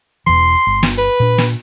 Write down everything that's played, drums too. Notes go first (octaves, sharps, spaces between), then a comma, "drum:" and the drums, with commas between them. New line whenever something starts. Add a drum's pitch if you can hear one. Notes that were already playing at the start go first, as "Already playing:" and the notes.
E1 E2 E3 C6
G1
drum: snare
B4
A#2 D4
drum: snare